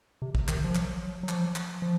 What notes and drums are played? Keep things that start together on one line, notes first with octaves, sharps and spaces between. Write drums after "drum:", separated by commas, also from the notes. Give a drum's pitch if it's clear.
C3
drum: kick
D#3, drum: clap
F3
F#3, drum: clap
F#3
F3, drum: clap
drum: clap
F3